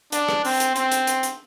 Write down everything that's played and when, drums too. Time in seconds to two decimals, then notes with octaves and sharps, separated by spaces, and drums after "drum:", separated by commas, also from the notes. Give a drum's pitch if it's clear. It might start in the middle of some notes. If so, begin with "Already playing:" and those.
0.12 D4, drum: hi-hat
0.29 drum: rim click
0.45 C4, drum: open hi-hat
0.60 drum: hi-hat
0.76 C4, drum: hi-hat
0.92 drum: hi-hat
1.07 drum: hi-hat
1.23 drum: hi-hat